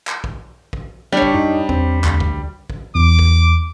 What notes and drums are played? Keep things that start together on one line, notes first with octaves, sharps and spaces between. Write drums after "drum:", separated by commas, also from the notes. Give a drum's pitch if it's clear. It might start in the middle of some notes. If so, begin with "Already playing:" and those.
drum: clap
drum: kick
drum: kick
G3 D4 C#5
drum: kick
F#2 D#4
E2 C4, drum: kick
D2, drum: clap
drum: kick
drum: kick
E2 D6
drum: kick